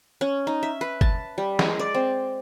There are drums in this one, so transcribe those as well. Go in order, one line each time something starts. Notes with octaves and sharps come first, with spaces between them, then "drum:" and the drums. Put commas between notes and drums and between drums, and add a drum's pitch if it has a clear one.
C#4
D#4
E5
B4
A5, drum: kick
G3
G#3, drum: snare
D5
C4